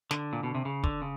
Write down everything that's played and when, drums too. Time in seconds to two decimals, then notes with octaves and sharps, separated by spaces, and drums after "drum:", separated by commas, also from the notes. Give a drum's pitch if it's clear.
0.11 D3, drum: snare
0.33 A#2
0.43 B2
0.55 C3
0.65 C#3
0.84 D3, drum: kick
1.02 C#3